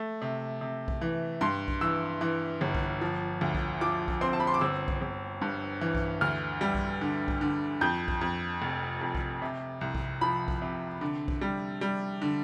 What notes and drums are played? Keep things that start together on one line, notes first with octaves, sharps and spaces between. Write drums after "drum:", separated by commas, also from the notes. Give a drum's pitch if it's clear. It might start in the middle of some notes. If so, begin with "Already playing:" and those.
Already playing: A3
C3
C3
drum: kick B1
E3
G2 C6
drum: kick B1
E3 E6
E3
G1
drum: kick B1
F3
D2
drum: kick B1
F3 D6
drum: kick B1
C4 C6
A5
B5
C6
D6
G1 E6
drum: kick B1
G1
G2
E3
drum: kick B1
D2 F6
G3
drum: kick B1
D3
drum: kick B1
D3
F2 G6
drum: kick B1
F2
F1
F2
drum: kick B1
C3
C2
drum: kick B1
F3 B5
drum: kick B1
C3
D3
drum: kick B1
G3
G3
D3